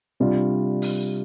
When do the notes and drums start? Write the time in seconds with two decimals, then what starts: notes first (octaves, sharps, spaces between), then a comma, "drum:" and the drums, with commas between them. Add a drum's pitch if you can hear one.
0.20 C3 G3 D4 F4
0.82 drum: open hi-hat